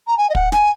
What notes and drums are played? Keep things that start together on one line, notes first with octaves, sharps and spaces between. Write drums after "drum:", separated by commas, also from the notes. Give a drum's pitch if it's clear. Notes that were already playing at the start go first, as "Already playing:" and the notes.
A#5
G#5
D#5
F#5, drum: kick
G#5, drum: snare